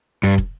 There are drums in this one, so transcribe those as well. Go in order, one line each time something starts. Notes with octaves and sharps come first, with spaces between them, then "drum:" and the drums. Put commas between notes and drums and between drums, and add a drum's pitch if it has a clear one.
G2
drum: kick